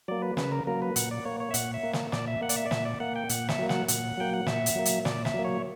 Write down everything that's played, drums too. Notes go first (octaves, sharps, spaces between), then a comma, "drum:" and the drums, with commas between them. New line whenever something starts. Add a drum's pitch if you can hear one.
F#3 A#3 D5
B4
C#3 B4, drum: snare
A#4
F#3 A#3 A#4
B4
A#2 F#5, drum: hi-hat
D5
A#3 C#5
C#5
E5
A#2 F#5, drum: hi-hat
E5
A#3
drum: snare
A#2 D5, drum: snare
E5
A#3 F#5
D5, drum: hi-hat
E5
D5
A#2 E5, drum: snare
D5
A#3 F#5
G5
A#2 F#5, drum: hi-hat
E5, drum: snare
F#3 A#3
F#5, drum: snare
A#2 F#5, drum: hi-hat
F#3 A#3 G5
F#5
A#2 E5, drum: snare
drum: hi-hat
F#3 A#3
drum: hi-hat
A#2 D5, drum: snare
E5, drum: snare
F#3 A#3
C#5